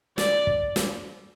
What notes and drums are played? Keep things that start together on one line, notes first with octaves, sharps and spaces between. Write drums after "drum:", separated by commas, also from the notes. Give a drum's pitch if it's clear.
D5, drum: snare
drum: kick
drum: snare